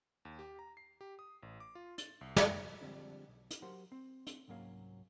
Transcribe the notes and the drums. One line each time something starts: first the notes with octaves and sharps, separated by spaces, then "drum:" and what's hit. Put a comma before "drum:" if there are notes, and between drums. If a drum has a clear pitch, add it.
D#2
G4
A#5
C7
G4
D#6
A1
D6
F4
A6, drum: hi-hat
C2
drum: snare
D3 F3 G3 G#3 C4 D4
B1
drum: hi-hat
F#3 G4 A#4 C5 F5 F#5
C4
drum: hi-hat
C2 G#2 F#3 A#3 C#4 F5